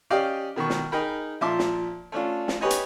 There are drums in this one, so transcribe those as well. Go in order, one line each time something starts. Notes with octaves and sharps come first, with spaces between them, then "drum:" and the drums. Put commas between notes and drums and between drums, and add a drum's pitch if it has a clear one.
C#4 G4 D5 D#5 F5 G5
B2 D#3 B5 C#6
drum: snare
D#4 G#4 A#4 G5 B5
A#2 F3 E5 A5 C6 D6
drum: snare
A3 C#4 D4 F4
drum: snare
G4 B4 C#5 D#5 G#5
drum: hi-hat